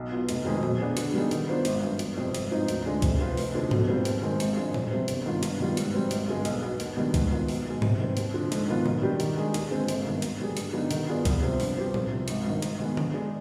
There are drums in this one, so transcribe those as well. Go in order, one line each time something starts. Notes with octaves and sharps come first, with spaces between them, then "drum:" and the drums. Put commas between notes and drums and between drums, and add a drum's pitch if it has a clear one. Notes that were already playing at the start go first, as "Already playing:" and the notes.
Already playing: B1
B2 B3 F4 B4
F1, drum: hi-hat
F2 D#3 G#3
B2, drum: tom A#2
B3 D4 G#4
D3, drum: hi-hat
G3 B3 D#4 G#4
D#3, drum: hi-hat
B3 D4 F4 C5
G#1, drum: hi-hat
G2 F3
G1, drum: hi-hat
F2 C3 G3
G#1, drum: hi-hat
G#2 F3 C4 D#4
D2, drum: hi-hat
D3 G#3 D4 F4
C3, drum: kick, hi-hat
F3 C4 F4 B4
F1, drum: open hi-hat
D#2 D3 F3
B2, drum: tom G#2
G3 C4 F4
D#2, drum: hi-hat
D#3 G#3 C4
G#1, drum: hi-hat
G2 F3 G#3 D4
F2, drum: tom A2
C3 G3 C4
G1, drum: hi-hat
G2 D#3 B3 F4
G2, drum: hi-hat
D#3 G3 B3 F4
G#2, drum: hi-hat
G3 C4
G#1, drum: hi-hat
G2 D3 G#3
B1, drum: hi-hat
B2 B3
D#2, drum: hi-hat
D#3 G3 B3 D4
G#2, drum: kick, hi-hat
D#3 B3 F4 B4
B1, drum: open hi-hat
B2 G#3
C3, drum: tom G#2
D#3 G3 C4
D#2, drum: hi-hat
D3 F3
G#2, drum: hi-hat
D#3 B3 F4
D#3, drum: tom A2
G3 D4 G4
D#3, drum: hi-hat
G#3 D4 G#4
D#2, drum: hi-hat
D3 G#3 C4
G#1, drum: hi-hat
G2 D#3 B3
D#2, drum: hi-hat
D3 G3 D4 G#4
G2, drum: hi-hat
D3 G3 B3 D#4
D#3, drum: hi-hat
B3 F4 G#4 D5
C2, drum: kick, hi-hat
C3 F3 B3
G2, drum: open hi-hat
F3 C4 G4
C2, drum: tom A2
C3 F3
G#1, drum: hi-hat
G2 D#3
G#2, drum: hi-hat
D#3 G#3 B3
D3, drum: tom D3
G#3 D4 G#4